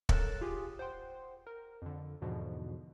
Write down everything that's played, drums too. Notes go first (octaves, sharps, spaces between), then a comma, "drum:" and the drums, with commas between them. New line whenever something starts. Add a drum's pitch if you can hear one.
A4 A#4 C#5 F#6 A6 E7, drum: kick
F4 G4 G#4 G#5
C5 F#5 G5 C6
A#4
F2 D3
E2 G#2 B2 D3 E3 F3